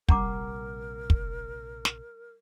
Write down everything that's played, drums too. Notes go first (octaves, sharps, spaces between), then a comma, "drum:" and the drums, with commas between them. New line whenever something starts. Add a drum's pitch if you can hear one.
A#1 C3 G3 A#4 F#5 A#5 D6, drum: kick
drum: kick
drum: snare